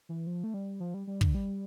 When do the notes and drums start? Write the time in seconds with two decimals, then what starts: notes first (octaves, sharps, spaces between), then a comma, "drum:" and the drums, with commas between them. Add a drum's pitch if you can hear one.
0.09 E3
0.27 F3
0.44 A3
0.54 G3
0.80 F3
0.94 G3
1.07 G3
1.21 D3, drum: kick
1.35 G3